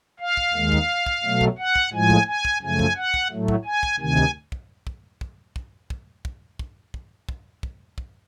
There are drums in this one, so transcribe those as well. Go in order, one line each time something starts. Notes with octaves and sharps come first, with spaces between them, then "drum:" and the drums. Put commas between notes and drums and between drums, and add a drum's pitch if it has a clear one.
F5
drum: kick
D#2 D#3 G#3
drum: kick
drum: kick
B2 F#3 A3
drum: kick
F#5
drum: kick
A2 F3 G#3 G#5
drum: kick
G#5
drum: kick
F#2 C#3 F3 A3 G#5
drum: kick
F#5
drum: kick
A2 F#3 A3
drum: kick
G#5
drum: kick
D2 C3 D#3 G#5
drum: kick
drum: kick
drum: kick
drum: kick
drum: kick
drum: kick
drum: kick
drum: kick
drum: kick
drum: kick
drum: kick
drum: kick